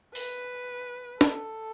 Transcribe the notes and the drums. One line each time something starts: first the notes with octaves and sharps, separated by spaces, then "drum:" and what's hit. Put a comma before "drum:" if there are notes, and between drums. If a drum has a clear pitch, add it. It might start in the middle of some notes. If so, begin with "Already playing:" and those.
B4, drum: open hi-hat
A4, drum: snare